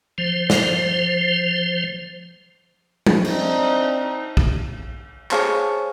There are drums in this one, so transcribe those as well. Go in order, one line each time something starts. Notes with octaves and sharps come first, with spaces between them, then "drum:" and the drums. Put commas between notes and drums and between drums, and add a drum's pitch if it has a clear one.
F3 C5
drum: snare
drum: tom F3
C4 D4 D#4, drum: cymbal
drum: kick
G#4 C5 C#5 F5 A5 C6, drum: clap